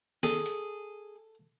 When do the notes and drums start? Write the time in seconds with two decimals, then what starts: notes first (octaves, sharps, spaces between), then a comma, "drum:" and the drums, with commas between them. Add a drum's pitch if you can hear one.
0.23 G#4 A4, drum: snare
0.46 drum: hi-hat